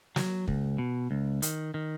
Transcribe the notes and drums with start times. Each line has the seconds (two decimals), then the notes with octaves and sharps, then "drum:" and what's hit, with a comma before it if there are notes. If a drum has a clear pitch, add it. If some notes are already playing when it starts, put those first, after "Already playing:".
0.16 F#3, drum: snare
0.48 C#2, drum: kick
0.78 B2
1.11 C#2
1.42 D#3, drum: hi-hat
1.74 D#3